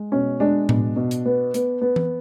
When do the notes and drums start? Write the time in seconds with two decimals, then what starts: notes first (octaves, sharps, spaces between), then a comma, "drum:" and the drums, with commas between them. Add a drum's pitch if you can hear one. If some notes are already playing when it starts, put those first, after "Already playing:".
Already playing: G#3
0.12 B2 C#4
0.40 G#3 D4
0.69 B2, drum: tom A2
0.96 B2
1.11 drum: hi-hat
1.26 B3
1.54 B3, drum: hi-hat
1.82 B3
1.96 drum: tom E3